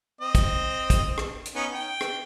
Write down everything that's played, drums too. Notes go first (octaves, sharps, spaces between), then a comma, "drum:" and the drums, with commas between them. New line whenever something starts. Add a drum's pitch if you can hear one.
C4 D#5
drum: kick, hi-hat
drum: kick, hi-hat
drum: rim click
drum: hi-hat
B3 C#4 D#4
G5
drum: rim click